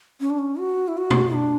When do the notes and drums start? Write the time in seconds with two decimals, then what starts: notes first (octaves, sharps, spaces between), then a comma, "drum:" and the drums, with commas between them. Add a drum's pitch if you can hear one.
0.20 C#4
0.30 D4
0.39 C#4
0.59 F#4
0.88 E4
0.97 F#4
1.10 drum: tom B2
1.34 D4